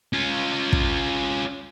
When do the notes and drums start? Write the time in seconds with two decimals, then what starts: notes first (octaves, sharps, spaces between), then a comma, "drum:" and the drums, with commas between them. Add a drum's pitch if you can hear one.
0.13 C#4 F4
0.73 drum: kick